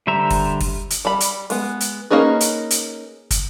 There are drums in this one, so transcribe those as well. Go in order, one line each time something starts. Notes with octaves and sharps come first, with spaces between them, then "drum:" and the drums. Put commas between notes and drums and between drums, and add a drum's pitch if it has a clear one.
D3 G3 C5 E5 A#5
drum: kick, open hi-hat
drum: kick, open hi-hat
drum: hi-hat
G3 B5
drum: hi-hat
G#3 B3, drum: open hi-hat
drum: hi-hat
A#3 C#4 D#4 G#4 B4
drum: hi-hat
drum: hi-hat
drum: kick, hi-hat